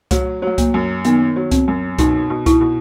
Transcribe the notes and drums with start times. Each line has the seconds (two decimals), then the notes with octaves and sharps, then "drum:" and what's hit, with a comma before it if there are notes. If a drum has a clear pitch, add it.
0.11 F#3 A3, drum: kick C2, hi-hat
0.42 F#3
0.47 A3
0.58 A#3, drum: kick C2, hi-hat
0.74 F#2
1.05 D#3 B3, drum: hi-hat
1.36 F#3
1.51 C4, drum: kick C2, hi-hat
1.68 F#2
1.99 B2 D#4, drum: kick C2, hi-hat
2.30 B2
2.46 E4, drum: kick C2, hi-hat
2.61 B2